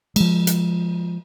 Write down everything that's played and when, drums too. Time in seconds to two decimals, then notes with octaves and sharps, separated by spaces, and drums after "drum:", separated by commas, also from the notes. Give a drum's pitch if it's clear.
0.16 F3 G#3, drum: cymbal
0.47 drum: hi-hat